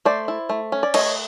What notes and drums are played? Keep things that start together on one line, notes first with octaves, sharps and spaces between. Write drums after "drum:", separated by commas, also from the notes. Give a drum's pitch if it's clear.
A3 C5 D5
E4
A3
C#4
D5
A3 C#5 D#5, drum: cymbal